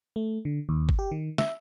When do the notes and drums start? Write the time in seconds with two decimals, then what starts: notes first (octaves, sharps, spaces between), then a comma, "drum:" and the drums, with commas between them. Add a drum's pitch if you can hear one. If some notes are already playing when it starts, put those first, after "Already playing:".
0.16 A3
0.45 D3
0.69 D#2
0.89 drum: kick
0.99 G4
1.11 D#3
1.38 E5, drum: snare